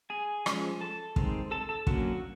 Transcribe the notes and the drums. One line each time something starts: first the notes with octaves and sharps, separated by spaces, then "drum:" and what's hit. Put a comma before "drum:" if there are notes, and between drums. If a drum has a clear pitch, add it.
G#4 G#5
F3 G#3 C#4, drum: rim click
A4 A5
D#3 G#3 C4, drum: kick
A4 A5
A4 A5
D3 F#3 A#3 C#4 F#4 F#5, drum: kick